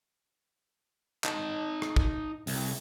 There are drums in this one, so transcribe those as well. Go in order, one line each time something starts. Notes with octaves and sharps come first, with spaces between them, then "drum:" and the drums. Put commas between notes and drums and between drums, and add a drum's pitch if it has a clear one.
D#4 A5, drum: clap
drum: rim click
drum: kick
C2, drum: open hi-hat